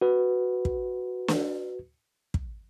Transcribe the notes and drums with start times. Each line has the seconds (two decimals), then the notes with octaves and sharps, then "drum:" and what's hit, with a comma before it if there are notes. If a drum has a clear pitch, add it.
0.02 F#4 B4
0.65 drum: kick
1.28 drum: snare
2.34 drum: kick